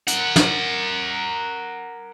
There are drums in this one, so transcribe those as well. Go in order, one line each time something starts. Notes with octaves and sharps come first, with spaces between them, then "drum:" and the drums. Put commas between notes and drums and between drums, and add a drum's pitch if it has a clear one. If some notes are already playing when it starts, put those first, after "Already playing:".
A#4 F#5, drum: hi-hat
drum: snare